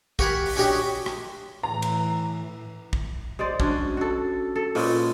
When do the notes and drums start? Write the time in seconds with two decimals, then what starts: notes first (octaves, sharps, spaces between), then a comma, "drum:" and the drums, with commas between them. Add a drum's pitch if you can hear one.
0.19 F#4 G4 A#4 F#5 G#5 B5, drum: kick
0.46 drum: open hi-hat
0.56 C#4 D4 F#4 G4 C#5 D#5
1.06 drum: rim click
1.63 A2 E3 A#5
1.82 drum: cymbal
2.93 drum: kick
3.39 G#3 C5 D5
3.60 C#4 D4 F#4, drum: kick
3.97 F#4 A4
4.56 A4
4.75 A#2 G#3 B3 C#4, drum: open hi-hat